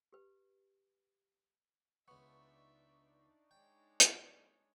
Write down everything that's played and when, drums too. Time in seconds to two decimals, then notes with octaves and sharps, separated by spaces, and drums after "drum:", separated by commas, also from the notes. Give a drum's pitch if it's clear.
0.13 G4 B4
2.08 C#2 B3 D4 D#4 D5 E5 C#6
3.51 G#3 C#5 G5
4.00 drum: hi-hat